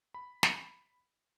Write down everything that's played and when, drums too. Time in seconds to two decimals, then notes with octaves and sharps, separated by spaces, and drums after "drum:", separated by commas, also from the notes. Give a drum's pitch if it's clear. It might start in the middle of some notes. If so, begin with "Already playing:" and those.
0.14 B5
0.43 drum: snare